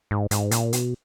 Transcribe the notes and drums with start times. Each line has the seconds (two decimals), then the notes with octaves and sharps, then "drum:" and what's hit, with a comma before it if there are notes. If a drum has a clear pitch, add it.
0.11 G#2
0.31 G#2, drum: hi-hat
0.51 A#2, drum: hi-hat
0.73 B2, drum: hi-hat